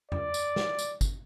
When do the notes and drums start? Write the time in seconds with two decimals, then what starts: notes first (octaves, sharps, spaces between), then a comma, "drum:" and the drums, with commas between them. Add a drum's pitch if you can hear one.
0.12 D5, drum: tom F2
0.34 drum: tambourine
0.56 drum: snare
0.79 drum: tambourine
1.01 drum: kick, tambourine